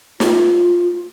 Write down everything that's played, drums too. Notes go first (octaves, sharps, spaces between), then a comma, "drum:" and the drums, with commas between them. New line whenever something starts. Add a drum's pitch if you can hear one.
F4, drum: snare